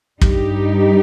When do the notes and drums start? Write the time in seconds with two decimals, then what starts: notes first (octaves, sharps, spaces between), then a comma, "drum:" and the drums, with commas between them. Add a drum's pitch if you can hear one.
0.21 G2 G3 D#4 G4, drum: kick